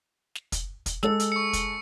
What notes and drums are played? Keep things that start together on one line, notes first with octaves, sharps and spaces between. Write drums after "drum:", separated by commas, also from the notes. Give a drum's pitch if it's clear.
drum: snare
drum: kick, hi-hat
drum: kick, hi-hat
G#3 A4 E6, drum: snare
drum: hi-hat
C#6 C#7
drum: kick, hi-hat